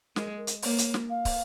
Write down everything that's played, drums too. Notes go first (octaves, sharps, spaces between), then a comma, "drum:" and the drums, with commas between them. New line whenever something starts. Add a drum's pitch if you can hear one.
G#3 A#4, drum: snare
A#4
drum: hi-hat
A#3 C#5, drum: open hi-hat
drum: hi-hat
drum: snare
F5
drum: kick, open hi-hat